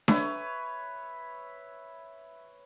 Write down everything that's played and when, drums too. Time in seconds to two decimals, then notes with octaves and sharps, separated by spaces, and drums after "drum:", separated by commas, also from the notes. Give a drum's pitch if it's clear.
0.08 B4 C#5 E5, drum: snare D4